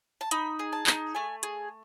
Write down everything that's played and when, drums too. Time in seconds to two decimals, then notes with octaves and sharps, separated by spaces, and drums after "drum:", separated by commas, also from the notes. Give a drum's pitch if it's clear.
0.21 A5
0.31 D#4 B5, drum: hi-hat
0.59 G#4
0.73 A5
0.87 D#4, drum: clap
1.15 A3 G#5
1.43 G#4, drum: hi-hat